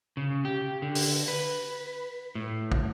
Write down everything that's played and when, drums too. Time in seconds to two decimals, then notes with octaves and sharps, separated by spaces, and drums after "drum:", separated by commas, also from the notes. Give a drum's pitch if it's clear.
0.17 C#3
0.45 G4
0.82 D3
0.95 drum: open hi-hat
1.28 B4
2.35 A2
2.72 drum: kick